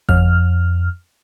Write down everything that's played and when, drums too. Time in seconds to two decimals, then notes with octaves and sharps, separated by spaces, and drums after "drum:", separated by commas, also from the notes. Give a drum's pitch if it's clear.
0.09 F2 F6, drum: kick G1